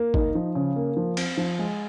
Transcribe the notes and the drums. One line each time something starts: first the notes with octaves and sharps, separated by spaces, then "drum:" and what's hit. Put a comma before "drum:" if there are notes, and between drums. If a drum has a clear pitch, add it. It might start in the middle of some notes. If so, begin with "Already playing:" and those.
Already playing: A#3
D#4, drum: kick G1
F3
C#3
A#3
F3
C4, drum: cymbal
F3
G#3